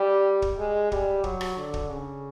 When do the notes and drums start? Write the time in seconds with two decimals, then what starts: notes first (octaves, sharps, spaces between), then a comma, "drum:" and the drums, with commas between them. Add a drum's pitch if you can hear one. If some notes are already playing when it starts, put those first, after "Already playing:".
Already playing: G3
0.42 drum: kick
0.58 G#3
0.92 G3, drum: kick
1.24 F#3, drum: kick
1.41 drum: rim click
1.57 D3
1.74 drum: kick
1.90 C#3